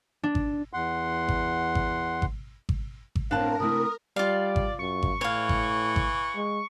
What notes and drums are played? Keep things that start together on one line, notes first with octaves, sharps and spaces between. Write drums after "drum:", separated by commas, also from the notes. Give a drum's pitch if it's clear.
D4
drum: kick G#1
E2 F#5 C6
drum: kick G#1
drum: kick G#1
drum: kick G#1
drum: kick G#1
drum: kick G#1
A2 B3 C4 D4 A#4 F5 A5
C3 A3 E4 D#6
G3 F4 D5 F5
drum: kick G#1
F#2 C#6
drum: kick G#1
A2 E3 C#5 F5
drum: kick G#1
drum: kick G#1
G#3